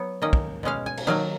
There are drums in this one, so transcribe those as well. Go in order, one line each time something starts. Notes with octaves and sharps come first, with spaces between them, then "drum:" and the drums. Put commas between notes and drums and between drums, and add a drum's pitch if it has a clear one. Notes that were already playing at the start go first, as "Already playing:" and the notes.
Already playing: F#3 B3 C#5
D#3 A#3 C#4 D#5
drum: kick
B2 G#3 C#4 F5
G#5
drum: cymbal
D#3 F#3 A#3 F5